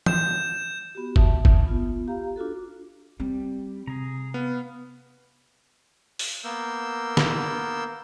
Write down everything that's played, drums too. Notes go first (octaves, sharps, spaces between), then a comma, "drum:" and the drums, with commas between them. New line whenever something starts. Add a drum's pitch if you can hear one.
G6 E7, drum: tom E3
B3 F#4 G4
E5 A5 D#6, drum: kick
drum: kick
B3 F4
G4 F5 A#5
D4 F4 F#4 A4
G3 C4
C3 G#4 A#5
B3 F5
drum: open hi-hat
A#3 B3 A#4 E6 G6
drum: snare